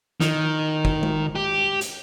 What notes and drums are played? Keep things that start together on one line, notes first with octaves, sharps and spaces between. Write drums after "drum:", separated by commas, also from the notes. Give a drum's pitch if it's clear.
D#3, drum: snare
drum: kick
drum: tom G#3
G4
drum: hi-hat